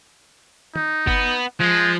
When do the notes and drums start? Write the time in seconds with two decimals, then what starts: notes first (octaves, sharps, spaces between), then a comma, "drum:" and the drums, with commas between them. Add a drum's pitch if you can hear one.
0.76 D#4, drum: tom
1.07 B3, drum: kick F#1
1.60 F3 G#3